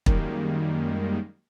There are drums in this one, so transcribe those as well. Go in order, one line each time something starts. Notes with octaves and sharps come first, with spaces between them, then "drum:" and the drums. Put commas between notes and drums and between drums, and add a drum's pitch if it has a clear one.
F#2 D#3 G3 G#3 A#3, drum: kick